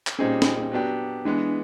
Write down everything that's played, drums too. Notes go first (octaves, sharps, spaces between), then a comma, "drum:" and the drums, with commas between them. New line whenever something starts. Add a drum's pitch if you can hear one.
drum: clap
A#2 G3 C4 C#4 D#4 G#4
drum: snare
F#3 B3 D4 G4
E3 G#3 B3 D4